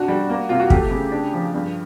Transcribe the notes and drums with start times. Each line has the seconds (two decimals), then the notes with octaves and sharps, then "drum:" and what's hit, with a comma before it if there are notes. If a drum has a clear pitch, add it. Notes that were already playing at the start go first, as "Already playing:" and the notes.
Already playing: C3 D4 F#4
0.08 G3
0.29 A#3
0.49 C3 F4
0.59 F#4
0.70 A3 G4, drum: kick
0.91 C#3
1.12 D4
1.33 F3
1.54 G2